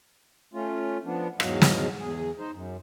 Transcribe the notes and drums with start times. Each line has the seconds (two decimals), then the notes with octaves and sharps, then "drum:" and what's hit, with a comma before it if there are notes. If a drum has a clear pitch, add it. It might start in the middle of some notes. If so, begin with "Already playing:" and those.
0.54 A3 C#4 F4
1.05 F3 B3 D4
1.40 E2 G#2 F#3 D#5 F5, drum: rim click
1.62 drum: snare
1.99 E2 G#4
2.39 D#4 C5
2.52 F#2